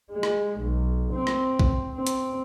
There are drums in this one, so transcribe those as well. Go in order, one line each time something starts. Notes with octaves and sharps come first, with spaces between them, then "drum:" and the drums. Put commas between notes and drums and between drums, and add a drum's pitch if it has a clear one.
G#3
drum: rim click
B1
C4
drum: rim click
drum: kick
C4
drum: hi-hat